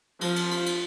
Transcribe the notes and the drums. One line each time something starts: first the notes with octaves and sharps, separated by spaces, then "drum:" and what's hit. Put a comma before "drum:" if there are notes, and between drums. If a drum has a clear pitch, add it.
F3, drum: cymbal
drum: cymbal
drum: cymbal
drum: cymbal